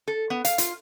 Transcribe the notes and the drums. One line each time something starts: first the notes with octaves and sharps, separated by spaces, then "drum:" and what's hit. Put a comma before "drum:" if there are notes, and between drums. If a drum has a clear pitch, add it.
A4
B3
F5, drum: hi-hat
F4, drum: hi-hat